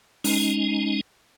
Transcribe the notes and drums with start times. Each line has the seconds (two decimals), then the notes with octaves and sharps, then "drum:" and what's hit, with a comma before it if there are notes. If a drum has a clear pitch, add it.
0.24 G#3 C#4 D#4, drum: open hi-hat